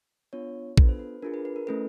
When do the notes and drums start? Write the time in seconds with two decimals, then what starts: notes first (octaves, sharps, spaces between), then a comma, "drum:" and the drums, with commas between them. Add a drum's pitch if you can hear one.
0.33 B3 D4 F4 C#5
0.77 B3 D4 F4 A4 B4, drum: kick
0.89 C5
0.99 B4
1.22 D4 F4 G#4 A#4
1.34 B4
1.45 B4
1.56 A#4
1.67 A3 C#4 E4 A4 B4